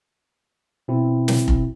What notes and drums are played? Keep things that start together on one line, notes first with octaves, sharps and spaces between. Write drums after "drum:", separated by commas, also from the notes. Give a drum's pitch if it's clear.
B2 C4 E4
drum: snare
drum: kick F1